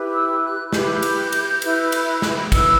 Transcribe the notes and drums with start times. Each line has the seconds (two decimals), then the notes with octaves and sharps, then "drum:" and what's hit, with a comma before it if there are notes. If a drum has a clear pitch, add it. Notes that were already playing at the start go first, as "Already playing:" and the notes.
Already playing: E4 G4 B4
0.13 E6
0.43 F#6
0.73 E4 G4 B4 G6, drum: snare
1.02 drum: cymbal
1.32 drum: cymbal
1.62 E4 B4, drum: cymbal
1.92 drum: cymbal
2.22 drum: snare
2.52 E4 B4 E6, drum: kick, cymbal